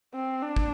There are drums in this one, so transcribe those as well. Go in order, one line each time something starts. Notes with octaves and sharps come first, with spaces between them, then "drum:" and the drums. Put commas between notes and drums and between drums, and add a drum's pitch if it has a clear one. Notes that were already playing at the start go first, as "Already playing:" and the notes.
C4
D4
drum: kick